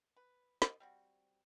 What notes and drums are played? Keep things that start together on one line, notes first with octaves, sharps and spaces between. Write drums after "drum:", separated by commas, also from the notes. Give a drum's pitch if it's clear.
B4
D#5, drum: snare
G3 C4 F#4